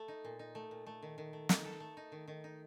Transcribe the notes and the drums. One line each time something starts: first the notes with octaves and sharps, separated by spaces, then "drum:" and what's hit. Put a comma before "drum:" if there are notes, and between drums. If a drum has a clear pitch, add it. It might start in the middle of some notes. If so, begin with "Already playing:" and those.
Already playing: A3
D#4
A#2
D#4
A3
A#2
A3
D#3
D#3
A3
D#4, drum: snare
A4
A3
D#4
D#3
D#3
D#4